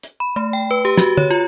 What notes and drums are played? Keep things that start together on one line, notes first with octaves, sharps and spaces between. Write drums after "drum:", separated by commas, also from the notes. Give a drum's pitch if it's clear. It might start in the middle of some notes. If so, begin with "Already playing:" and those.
drum: hi-hat
B5
A3
G5
B4
G4
F#4, drum: snare
C#5, drum: tom
F4